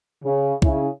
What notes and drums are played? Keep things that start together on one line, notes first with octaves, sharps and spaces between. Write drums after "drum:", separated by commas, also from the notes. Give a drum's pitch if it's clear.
C#3
C#3 E4, drum: kick C2